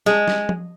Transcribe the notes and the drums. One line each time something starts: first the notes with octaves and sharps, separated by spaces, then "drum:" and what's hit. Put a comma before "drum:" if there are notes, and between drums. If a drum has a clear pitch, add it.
G#3, drum: snare
drum: snare
drum: tom F3